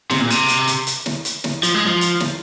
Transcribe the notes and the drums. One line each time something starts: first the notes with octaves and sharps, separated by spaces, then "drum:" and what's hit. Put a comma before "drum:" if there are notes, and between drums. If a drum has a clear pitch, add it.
C3, drum: snare
A#2
C3, drum: hi-hat
drum: hi-hat
drum: hi-hat
drum: hi-hat
drum: snare
drum: hi-hat
drum: snare
F3, drum: hi-hat
G#3
F3
drum: hi-hat
drum: snare